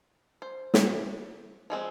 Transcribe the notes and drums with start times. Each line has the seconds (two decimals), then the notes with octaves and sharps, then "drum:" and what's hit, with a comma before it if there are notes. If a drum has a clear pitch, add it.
0.42 C5
0.74 drum: snare
1.70 F3 G#3 C4